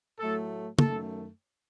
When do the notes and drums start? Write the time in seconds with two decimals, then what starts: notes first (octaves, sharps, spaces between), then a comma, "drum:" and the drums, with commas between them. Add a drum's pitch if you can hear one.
0.19 A2 F#3 A3 A4
0.79 F#2 D#3 A3 A4, drum: tom